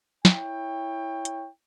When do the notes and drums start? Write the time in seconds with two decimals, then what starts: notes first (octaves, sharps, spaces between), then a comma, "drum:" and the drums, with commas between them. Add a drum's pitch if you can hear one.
0.25 E4 C#5 G5, drum: snare
1.25 drum: hi-hat